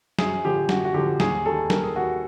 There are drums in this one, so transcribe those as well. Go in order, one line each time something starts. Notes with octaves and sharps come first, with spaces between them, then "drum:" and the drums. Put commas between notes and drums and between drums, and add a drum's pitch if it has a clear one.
F#2 G#4, drum: snare
D3 F3 G4
F#2 F#4, drum: snare
F#4
D3 F3 G4
D#2 G#4, drum: snare
D#3 G3 A4
D#2 A#4, drum: snare
G#4
D#3 G3 F#4